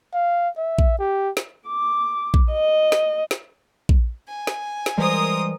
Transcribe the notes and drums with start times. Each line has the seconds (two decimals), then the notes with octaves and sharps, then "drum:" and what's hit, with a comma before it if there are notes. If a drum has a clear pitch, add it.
0.14 F5
0.58 E5
0.79 drum: kick A#1
0.99 G4
1.37 drum: snare
1.67 D6
2.34 drum: kick A#1
2.52 D#5
2.92 drum: snare
3.31 drum: snare
3.89 drum: kick A#1
4.28 G#5
4.47 drum: snare
4.86 drum: snare
4.98 E3 G3 G#3 A#4 C5 D#6